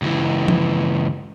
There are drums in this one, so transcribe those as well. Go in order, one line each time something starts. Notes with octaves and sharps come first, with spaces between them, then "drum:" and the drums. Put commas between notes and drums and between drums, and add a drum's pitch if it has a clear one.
C#2 E3
drum: tom